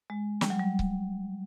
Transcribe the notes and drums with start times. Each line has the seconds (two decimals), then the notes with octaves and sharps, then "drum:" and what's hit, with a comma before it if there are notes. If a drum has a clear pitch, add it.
0.10 G#3
0.41 G3, drum: snare
0.50 F#3
0.59 G3
0.79 drum: kick C#1